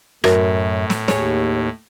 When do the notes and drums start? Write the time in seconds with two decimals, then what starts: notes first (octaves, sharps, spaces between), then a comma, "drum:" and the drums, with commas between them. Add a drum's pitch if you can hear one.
0.24 F#2 A2 F#4 A#4, drum: rim click
0.90 drum: snare
1.08 D#2 G#4 C#5, drum: snare